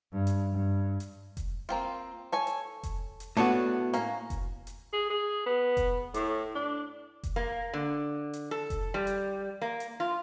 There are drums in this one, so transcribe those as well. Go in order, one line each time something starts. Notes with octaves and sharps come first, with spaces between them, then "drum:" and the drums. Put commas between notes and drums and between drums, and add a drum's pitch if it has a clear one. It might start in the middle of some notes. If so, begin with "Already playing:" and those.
G2
drum: hi-hat
G2
drum: hi-hat
drum: kick F1, hi-hat
A#3 C4 F4
A4 C#5 G#5
drum: hi-hat
drum: kick F1, hi-hat
drum: hi-hat
A2 B3 D4 F#4 A4 D5
A#3 C#4, drum: hi-hat
drum: kick F1, hi-hat
drum: hi-hat
G#4
G#4
B3
drum: kick F1, hi-hat
A2, drum: hi-hat
D4
drum: kick F1, hi-hat
A#3
D3
drum: hi-hat
A4
drum: kick F1, hi-hat
G3
drum: hi-hat
A#3
drum: hi-hat
F4